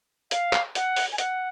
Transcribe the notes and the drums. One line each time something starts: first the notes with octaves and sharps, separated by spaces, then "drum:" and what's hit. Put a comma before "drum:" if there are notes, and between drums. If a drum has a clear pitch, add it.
F5, drum: hi-hat
drum: clap
F#5, drum: hi-hat
drum: open hi-hat
G#5
F#5, drum: hi-hat